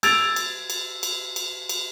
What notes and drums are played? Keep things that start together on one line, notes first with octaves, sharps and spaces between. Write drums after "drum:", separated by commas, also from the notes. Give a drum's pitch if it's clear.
E6 G#6 A6 D7 F7, drum: cymbal
drum: cymbal
drum: cymbal
drum: cymbal
drum: cymbal
drum: cymbal